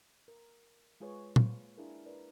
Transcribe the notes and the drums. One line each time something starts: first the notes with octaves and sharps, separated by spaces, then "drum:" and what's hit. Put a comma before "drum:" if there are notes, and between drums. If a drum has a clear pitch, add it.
A#4
G#3 F4 G#4 B4 C#5
A#3, drum: tom
D4 E4 G#4 A#4
A#4 B4 D5